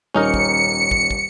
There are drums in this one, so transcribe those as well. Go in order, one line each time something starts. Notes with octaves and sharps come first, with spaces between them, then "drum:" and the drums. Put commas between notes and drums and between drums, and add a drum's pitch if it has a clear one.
D#1 C#4 D#4 A#4 C#7
drum: kick
drum: kick
drum: kick